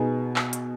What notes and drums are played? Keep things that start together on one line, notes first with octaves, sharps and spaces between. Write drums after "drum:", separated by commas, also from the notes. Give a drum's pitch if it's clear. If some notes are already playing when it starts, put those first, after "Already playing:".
Already playing: B2 B3 D#4 G#4
drum: clap
drum: hi-hat